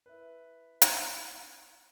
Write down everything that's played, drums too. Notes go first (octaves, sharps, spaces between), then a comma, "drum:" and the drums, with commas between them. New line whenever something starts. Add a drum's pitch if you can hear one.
E4 B4
drum: hi-hat